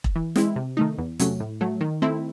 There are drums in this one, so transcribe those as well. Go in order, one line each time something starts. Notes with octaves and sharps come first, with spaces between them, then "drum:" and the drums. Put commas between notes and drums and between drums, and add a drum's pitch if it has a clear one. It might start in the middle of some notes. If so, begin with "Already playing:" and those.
drum: kick E1
E3
G#3 C4 E4, drum: snare
C3
D#3 A3 D#4
E2
C3 F#3 A3 C#4, drum: hi-hat
A2
F#3 A3
D#3
A3 C4 E4